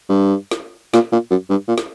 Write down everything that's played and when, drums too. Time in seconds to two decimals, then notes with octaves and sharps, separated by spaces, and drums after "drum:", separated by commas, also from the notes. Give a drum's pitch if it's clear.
0.09 G2
0.51 drum: snare
0.94 A#2, drum: snare
1.12 A#2
1.31 F#2
1.50 G2
1.68 A#2
1.78 drum: snare